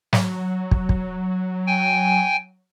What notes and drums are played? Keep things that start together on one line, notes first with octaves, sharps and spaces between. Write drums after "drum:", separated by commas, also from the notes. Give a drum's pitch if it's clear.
F#3, drum: snare
drum: kick
drum: kick
G5 G#5